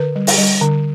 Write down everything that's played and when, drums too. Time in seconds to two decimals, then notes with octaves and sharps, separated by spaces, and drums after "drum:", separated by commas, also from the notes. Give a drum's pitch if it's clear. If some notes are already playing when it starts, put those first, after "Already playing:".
Already playing: D3 B4
0.16 G3
0.27 drum: open hi-hat
0.38 G3
0.62 D3